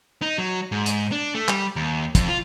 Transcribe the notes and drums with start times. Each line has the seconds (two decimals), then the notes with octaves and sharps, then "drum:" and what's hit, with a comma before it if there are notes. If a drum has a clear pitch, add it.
0.22 D#4
0.38 F#3
0.72 G#2
0.86 drum: hi-hat
1.12 D4
1.35 A3
1.48 G3, drum: clap
1.76 D#2
2.15 F2, drum: kick, hi-hat
2.28 F4